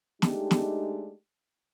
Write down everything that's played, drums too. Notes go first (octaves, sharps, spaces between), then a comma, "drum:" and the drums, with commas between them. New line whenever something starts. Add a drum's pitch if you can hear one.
G#3 A3 D4 D#4 G4, drum: snare
drum: snare